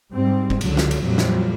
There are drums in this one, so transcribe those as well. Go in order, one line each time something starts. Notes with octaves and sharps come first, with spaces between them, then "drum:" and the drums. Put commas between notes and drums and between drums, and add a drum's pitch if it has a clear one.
G#2 G3 C4
drum: kick
C#2 D3 F#3, drum: cymbal
drum: snare
drum: cymbal
F2 A#2 F#3 G3
drum: snare